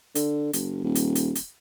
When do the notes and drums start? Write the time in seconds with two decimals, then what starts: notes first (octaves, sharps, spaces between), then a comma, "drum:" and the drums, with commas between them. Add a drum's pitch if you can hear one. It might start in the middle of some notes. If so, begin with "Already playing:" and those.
0.15 D3, drum: hi-hat
0.53 F#1, drum: hi-hat
0.84 D#1
0.95 drum: hi-hat
1.15 drum: hi-hat
1.35 drum: hi-hat